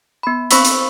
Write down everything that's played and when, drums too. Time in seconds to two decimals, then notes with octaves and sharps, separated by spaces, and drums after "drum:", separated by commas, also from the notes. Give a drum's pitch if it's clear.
0.23 B3 B5
0.51 C4 C5 B5 C#6 E6 B6, drum: hi-hat
0.65 drum: hi-hat